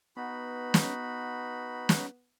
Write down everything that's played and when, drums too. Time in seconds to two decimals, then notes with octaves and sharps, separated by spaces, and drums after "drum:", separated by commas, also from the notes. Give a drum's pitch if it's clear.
0.16 B3 D#4 F#4 B5
0.74 drum: snare
1.89 drum: snare